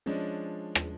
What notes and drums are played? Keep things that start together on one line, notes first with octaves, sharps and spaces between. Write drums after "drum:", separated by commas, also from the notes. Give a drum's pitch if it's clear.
F3 G#3 C#4 D4
drum: rim click